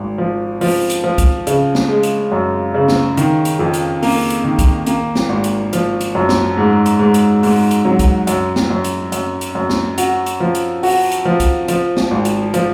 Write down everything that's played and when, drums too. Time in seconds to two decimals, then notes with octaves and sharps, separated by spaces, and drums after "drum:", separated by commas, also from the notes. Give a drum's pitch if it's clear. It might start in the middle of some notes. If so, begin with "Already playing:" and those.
Already playing: G#1
0.18 F3
0.61 F3, drum: open hi-hat
0.90 drum: hi-hat
1.04 F3
1.18 drum: kick, hi-hat
1.47 C#3, drum: hi-hat
1.75 drum: snare
1.89 G#3
2.03 drum: hi-hat
2.32 F#2
2.74 C#3
2.88 drum: snare
3.17 D#3, drum: hi-hat
3.45 drum: hi-hat
3.59 F2
3.74 drum: hi-hat
4.03 A#3, drum: open hi-hat
4.30 drum: hi-hat
4.44 D#3
4.59 drum: kick, hi-hat
4.86 A#3, drum: hi-hat
5.15 drum: snare
5.29 G#1
5.44 drum: hi-hat
5.73 F3, drum: hi-hat
6.01 drum: hi-hat
6.15 F#2
6.29 drum: snare
6.57 G#2
6.86 drum: hi-hat
6.99 G#2
7.14 drum: hi-hat
7.43 G#2, drum: open hi-hat
7.71 drum: hi-hat
7.85 F#3
7.99 drum: kick, hi-hat
8.27 F#2, drum: hi-hat
8.56 drum: snare
8.70 F#2
8.84 drum: hi-hat
9.12 F#2, drum: hi-hat
9.41 drum: hi-hat
9.55 F#2
9.70 drum: snare
9.98 F#4, drum: hi-hat
10.26 drum: hi-hat
10.40 F3
10.55 drum: hi-hat
10.83 F#4, drum: open hi-hat
11.11 drum: hi-hat
11.25 F3
11.40 drum: kick, hi-hat
11.68 F3, drum: hi-hat
11.97 drum: snare
12.11 G#1
12.25 drum: hi-hat
12.54 F3, drum: hi-hat